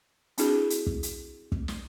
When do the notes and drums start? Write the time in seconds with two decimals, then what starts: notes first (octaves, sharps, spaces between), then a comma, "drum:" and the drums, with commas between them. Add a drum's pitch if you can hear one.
0.38 C4 D4 E4 F#4 G#4 A4, drum: hi-hat
0.70 drum: hi-hat
0.87 drum: kick
1.03 drum: hi-hat
1.52 drum: kick
1.68 drum: snare